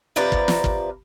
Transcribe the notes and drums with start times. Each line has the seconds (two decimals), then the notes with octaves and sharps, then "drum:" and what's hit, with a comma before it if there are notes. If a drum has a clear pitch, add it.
0.16 C3 F3 A#4 B4 D5 A#5
0.32 drum: kick
0.48 drum: snare
0.64 drum: kick